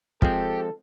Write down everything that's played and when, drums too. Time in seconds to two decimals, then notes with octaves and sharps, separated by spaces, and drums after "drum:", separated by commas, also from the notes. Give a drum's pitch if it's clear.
0.22 F3 G#3 C4 G4 A4, drum: kick